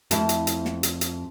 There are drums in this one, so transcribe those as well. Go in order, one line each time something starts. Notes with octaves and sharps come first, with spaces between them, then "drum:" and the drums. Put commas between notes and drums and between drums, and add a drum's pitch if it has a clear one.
F2 A3 E4, drum: hi-hat
drum: hi-hat
drum: hi-hat
drum: snare
drum: hi-hat
drum: hi-hat